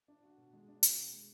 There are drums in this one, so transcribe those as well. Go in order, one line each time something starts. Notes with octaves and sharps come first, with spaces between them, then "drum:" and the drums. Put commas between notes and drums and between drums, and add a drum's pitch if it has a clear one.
D4
F#4
B2
G#3
D4
F#4, drum: hi-hat
B2
G#3